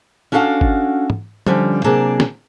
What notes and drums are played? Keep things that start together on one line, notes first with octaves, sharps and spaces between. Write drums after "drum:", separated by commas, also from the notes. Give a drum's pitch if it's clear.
C#4 D4 F#4 A4 F5 F#5
drum: kick G1
drum: tom
D3 F3 G3 C#4, drum: tom
C3 F#3 A#3 D4 G#4 A5
drum: snare